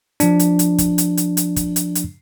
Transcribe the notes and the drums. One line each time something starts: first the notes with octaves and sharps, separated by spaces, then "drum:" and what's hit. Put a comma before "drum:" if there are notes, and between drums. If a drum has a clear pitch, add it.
F3 D4, drum: hi-hat
drum: hi-hat
drum: hi-hat
drum: kick, hi-hat
drum: hi-hat
drum: hi-hat
drum: hi-hat
drum: kick, hi-hat
drum: hi-hat
drum: hi-hat